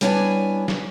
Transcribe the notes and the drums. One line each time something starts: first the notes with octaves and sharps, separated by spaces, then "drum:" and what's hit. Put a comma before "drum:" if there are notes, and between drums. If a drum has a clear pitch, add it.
G3 B3 D4 E4 C#5 G#5, drum: hi-hat
drum: snare